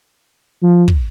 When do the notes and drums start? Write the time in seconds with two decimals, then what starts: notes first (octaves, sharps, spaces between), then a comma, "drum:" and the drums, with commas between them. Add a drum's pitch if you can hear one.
0.62 F3
0.88 drum: kick